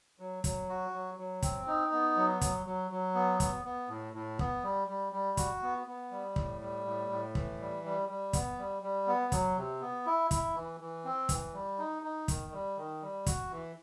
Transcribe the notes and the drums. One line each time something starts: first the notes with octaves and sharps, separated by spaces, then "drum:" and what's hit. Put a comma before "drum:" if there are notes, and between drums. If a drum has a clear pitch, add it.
F#3
F#3, drum: kick, hi-hat
F#4
F#3
F#3
C4, drum: kick, hi-hat
D#4
B3
F#3
F#3, drum: kick, hi-hat
F#3
F#3
B3
B3, drum: kick, hi-hat
B3
A2
A2
B3, drum: kick
G3
G3
G3
F#4, drum: kick, hi-hat
B3
B3
G3
A2, drum: kick
G3
A2
A2
E3, drum: kick
G3
G3
G3
B3, drum: kick, hi-hat
G3
G3
B3
F#3, drum: kick, hi-hat
C3
B3
E4
E4, drum: kick, hi-hat
E3
E3
C4
E3, drum: kick, hi-hat
G3
D#4
D#4
D#3, drum: kick, hi-hat
G3
D#3
G3
F#4, drum: kick, hi-hat
E3